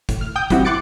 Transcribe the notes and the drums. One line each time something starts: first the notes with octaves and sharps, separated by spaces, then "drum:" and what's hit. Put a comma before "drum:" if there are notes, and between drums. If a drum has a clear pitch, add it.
A2, drum: kick, hi-hat
F6
G5 D#6 G6
F#3 G3 C4 E4 F#4 G4, drum: kick, hi-hat
C6 D6 F#6 A6 C#7 D7